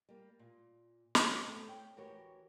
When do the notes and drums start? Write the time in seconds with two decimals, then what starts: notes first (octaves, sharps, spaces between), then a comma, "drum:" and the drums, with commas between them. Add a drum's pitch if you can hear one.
0.09 G3 A#3
0.39 A#2
1.15 F#3 G4, drum: snare
1.47 C3 A3 C4
1.67 C#5 G5
1.96 D2 E3 F#4 G4 A#4 C#5